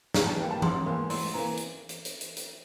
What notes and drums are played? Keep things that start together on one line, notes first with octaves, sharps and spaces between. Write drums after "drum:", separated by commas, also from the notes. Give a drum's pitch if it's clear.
E2 A#5, drum: snare
A5
E3 G3 A#3 G5
A5
E1 C6, drum: tom E3
E2 E3 A#3 C6
A1 C6, drum: open hi-hat
E3 A#3 A#5
drum: hi-hat
drum: hi-hat
drum: hi-hat
drum: hi-hat
drum: hi-hat